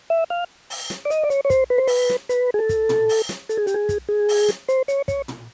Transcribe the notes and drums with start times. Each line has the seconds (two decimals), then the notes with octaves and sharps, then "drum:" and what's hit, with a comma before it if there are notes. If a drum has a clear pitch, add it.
0.10 E5
0.30 F5
0.70 drum: open hi-hat
0.90 drum: snare
1.05 D5
1.10 D#5, drum: hi-hat
1.23 D5
1.30 C#5, drum: hi-hat
1.45 C#5
1.50 C5, drum: kick, hi-hat
1.70 B4
1.78 C5
1.87 B4, drum: open hi-hat
2.10 drum: snare
2.29 B4, drum: hi-hat
2.54 G#4
2.59 A4
2.69 drum: kick, hi-hat
2.89 drum: tom
3.09 drum: open hi-hat
3.29 drum: snare
3.49 A4, drum: hi-hat
3.57 G#4
3.67 G4, drum: hi-hat
3.74 G#4
3.89 drum: kick, hi-hat
4.09 G#4
4.29 drum: open hi-hat
4.49 drum: snare
4.68 C5, drum: hi-hat
4.88 C#5, drum: hi-hat
5.08 C#5, drum: kick, hi-hat
5.28 drum: tom